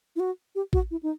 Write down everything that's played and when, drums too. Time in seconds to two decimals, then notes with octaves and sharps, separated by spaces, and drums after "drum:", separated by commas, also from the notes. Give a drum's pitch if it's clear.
0.16 E4
0.20 F#4
0.55 G4
0.73 F#4, drum: kick A1
0.91 E4
1.03 D#4